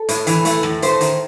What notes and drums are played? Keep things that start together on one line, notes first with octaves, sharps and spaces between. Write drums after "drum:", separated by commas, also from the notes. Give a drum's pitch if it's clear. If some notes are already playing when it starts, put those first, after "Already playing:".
Already playing: A4
A2, drum: hi-hat
E3, drum: hi-hat
A3, drum: hi-hat
A2, drum: rim click
A3 C5, drum: hi-hat
D#3, drum: hi-hat